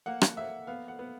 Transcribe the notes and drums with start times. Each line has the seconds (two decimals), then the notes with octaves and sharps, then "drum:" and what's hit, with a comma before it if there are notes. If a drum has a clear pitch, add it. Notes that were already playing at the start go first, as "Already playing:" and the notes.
0.06 A#3 F#5
0.21 drum: rim click
0.36 A#3 E5
0.67 B3 F5
0.88 F#5
0.99 B3